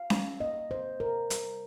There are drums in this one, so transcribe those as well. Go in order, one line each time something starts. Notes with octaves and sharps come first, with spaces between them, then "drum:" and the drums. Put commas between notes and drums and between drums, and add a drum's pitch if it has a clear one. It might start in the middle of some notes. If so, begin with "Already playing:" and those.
Already playing: F5
G3, drum: snare C#4
A#3 D#5
C3 C5
C3 A#4
G3, drum: hi-hat